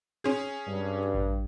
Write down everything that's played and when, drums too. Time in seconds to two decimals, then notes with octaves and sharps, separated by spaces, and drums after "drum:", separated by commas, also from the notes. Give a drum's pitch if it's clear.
0.24 C#4 G#4
0.67 G2
1.14 drum: kick A1